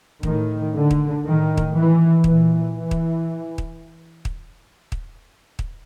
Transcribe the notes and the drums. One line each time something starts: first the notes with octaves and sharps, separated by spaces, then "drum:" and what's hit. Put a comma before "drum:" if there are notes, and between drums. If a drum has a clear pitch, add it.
A2 D#3, drum: kick
D3
drum: kick
A2 D#3
drum: kick
E3
A#2 E3, drum: kick
E3
drum: kick
drum: kick
drum: kick
drum: kick
drum: kick